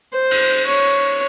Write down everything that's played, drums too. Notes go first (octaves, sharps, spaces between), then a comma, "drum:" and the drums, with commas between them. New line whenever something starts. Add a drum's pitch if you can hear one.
C5
drum: cymbal
C#5